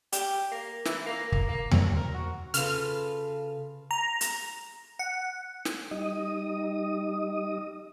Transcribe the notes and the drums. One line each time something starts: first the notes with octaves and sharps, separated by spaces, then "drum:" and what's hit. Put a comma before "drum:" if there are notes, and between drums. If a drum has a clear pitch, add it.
G4, drum: hi-hat
A#3
E3, drum: snare
A#3
A#3, drum: kick
A#3
C4, drum: tom E2
A#4
F#4
C#3 F4 A4 B4 F6, drum: hi-hat
A#5
drum: hi-hat
F#5
drum: snare
G3 D#4 D#5 D#6